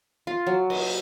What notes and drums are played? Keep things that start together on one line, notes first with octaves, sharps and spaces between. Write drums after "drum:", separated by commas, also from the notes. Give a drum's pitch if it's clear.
F4
F#3
D#5, drum: cymbal